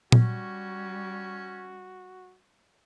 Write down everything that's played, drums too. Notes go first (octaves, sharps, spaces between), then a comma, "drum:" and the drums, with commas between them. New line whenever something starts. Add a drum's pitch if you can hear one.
G3 C#4 F#4, drum: tom A#2